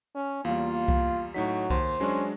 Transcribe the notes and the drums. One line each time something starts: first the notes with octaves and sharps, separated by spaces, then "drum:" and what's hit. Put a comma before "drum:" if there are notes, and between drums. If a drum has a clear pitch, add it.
C#4
E2 G3 A#3 F4
drum: kick C2
A2 F#3 D#4 B6
D#2 C5, drum: kick C2
F#3 G#3 C#4 D4